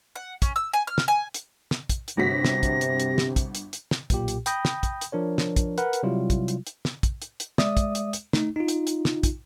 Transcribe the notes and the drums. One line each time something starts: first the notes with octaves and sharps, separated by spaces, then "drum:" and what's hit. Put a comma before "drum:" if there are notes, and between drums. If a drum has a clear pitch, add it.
F#5
C#4, drum: kick, hi-hat
E6
G#5
F6
drum: snare
G#5
drum: hi-hat
drum: snare
drum: kick, hi-hat
drum: hi-hat
G1 C3 F#4 A#6 B6
drum: snare
drum: kick, hi-hat
drum: hi-hat
drum: hi-hat
drum: snare
drum: kick, hi-hat
drum: hi-hat
drum: hi-hat
drum: snare
B1 A#2 G4, drum: kick, hi-hat
drum: hi-hat
G5 B5 D#6 G6 A#6, drum: hi-hat
drum: snare
drum: kick, hi-hat
drum: hi-hat
F3 D4 A#4 C#5
drum: snare
drum: kick, hi-hat
A#4 B4 F#5, drum: hi-hat
drum: hi-hat
C3 F#3 G3 E4 F4
drum: kick, hi-hat
drum: hi-hat
drum: hi-hat
drum: snare
drum: kick, hi-hat
drum: hi-hat
drum: hi-hat
G#3 D5 E5 D#6, drum: snare
drum: kick, hi-hat
drum: hi-hat
drum: hi-hat
A3 D#4, drum: snare
D#4 F4
drum: hi-hat
drum: hi-hat
drum: snare
drum: kick, hi-hat